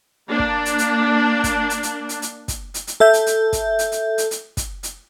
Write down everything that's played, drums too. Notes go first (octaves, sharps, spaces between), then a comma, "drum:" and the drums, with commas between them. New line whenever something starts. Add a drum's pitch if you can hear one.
A#3 D4
drum: kick
drum: hi-hat
drum: hi-hat
drum: kick, hi-hat
drum: hi-hat
drum: hi-hat
drum: hi-hat
drum: hi-hat
drum: kick, hi-hat
drum: hi-hat
drum: hi-hat
A4 E5 G6
drum: hi-hat
drum: hi-hat
drum: kick, hi-hat
drum: hi-hat
drum: hi-hat
drum: hi-hat
drum: hi-hat
drum: kick, hi-hat
drum: hi-hat